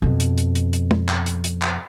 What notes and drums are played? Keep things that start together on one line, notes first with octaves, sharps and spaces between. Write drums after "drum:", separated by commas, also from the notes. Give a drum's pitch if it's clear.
F2 B2
drum: hi-hat
drum: hi-hat
drum: hi-hat
drum: hi-hat
drum: tom
drum: clap
drum: hi-hat
drum: hi-hat
drum: clap